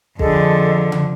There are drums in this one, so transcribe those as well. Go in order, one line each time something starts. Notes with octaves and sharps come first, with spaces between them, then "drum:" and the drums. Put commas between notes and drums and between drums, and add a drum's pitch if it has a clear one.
F2 D3 G#4 A4 D#5, drum: kick
drum: tom C#3